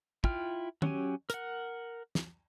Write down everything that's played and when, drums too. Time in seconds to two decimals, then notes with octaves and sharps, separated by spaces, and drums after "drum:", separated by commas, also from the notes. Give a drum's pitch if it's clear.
0.24 E4 F4 G5 F6, drum: kick
0.82 F#3 C#4 G4 G#5, drum: tom D#3
1.30 A#4 F#5, drum: hi-hat
2.15 drum: snare